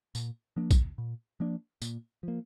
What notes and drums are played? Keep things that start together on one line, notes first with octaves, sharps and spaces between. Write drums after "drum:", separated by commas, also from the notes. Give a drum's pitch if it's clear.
A#2, drum: tambourine
F3 A#3 D4
drum: kick, tambourine
A#2
F3 A#3 D4
A#2, drum: tambourine
F3 A#3